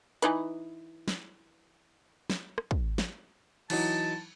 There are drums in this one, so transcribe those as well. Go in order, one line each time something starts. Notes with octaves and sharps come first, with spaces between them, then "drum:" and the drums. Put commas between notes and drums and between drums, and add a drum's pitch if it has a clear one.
E3 D#4 B4, drum: hi-hat
drum: snare
drum: snare
drum: rim click
drum: kick
drum: snare
E3 F#3 D#4 A5, drum: cymbal